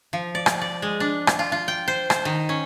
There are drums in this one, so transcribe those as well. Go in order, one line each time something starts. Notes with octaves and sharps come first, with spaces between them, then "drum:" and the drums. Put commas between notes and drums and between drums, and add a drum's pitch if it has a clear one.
F3
D5
drum: rim click
D5
G#3
D4
drum: rim click
F4
F4
G5
C5
C5, drum: rim click
D#3
C#4